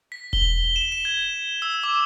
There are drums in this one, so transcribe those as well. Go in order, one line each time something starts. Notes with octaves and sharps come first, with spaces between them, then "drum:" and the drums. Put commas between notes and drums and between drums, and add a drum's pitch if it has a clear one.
B6
G7, drum: kick E1
E7
E7
G#6
E6
D6